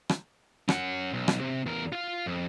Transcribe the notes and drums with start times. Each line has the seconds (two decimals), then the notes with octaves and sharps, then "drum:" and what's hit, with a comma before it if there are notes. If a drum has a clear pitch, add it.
0.09 drum: rim click
0.69 C#4 F#5, drum: rim click
1.13 B1
1.28 drum: rim click
1.41 C3
1.66 E2 A#4
1.92 F4 F5
2.26 F2